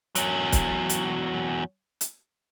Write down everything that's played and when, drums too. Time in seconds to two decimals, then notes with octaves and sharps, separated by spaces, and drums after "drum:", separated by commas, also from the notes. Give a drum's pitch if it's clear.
0.15 E2 F#3, drum: hi-hat
0.52 drum: kick, hi-hat
0.89 drum: hi-hat
2.01 drum: hi-hat